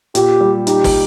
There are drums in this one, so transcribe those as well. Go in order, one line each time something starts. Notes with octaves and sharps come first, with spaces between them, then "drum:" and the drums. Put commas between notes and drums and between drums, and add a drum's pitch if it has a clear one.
A#2 G4, drum: hi-hat
G3
D#4 G4, drum: hi-hat
drum: kick, open hi-hat